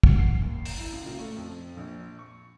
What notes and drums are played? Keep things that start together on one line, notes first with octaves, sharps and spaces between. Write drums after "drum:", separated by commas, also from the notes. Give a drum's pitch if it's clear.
F#5, drum: kick
C7
D#2
E7, drum: open hi-hat
E4
C#2
A#2
A3
F2
A#1
C#6